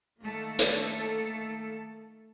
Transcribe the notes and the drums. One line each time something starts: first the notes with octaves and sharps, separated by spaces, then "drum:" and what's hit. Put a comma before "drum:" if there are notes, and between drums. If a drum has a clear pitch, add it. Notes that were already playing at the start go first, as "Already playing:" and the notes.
D#3 A3 A#3 A4
drum: hi-hat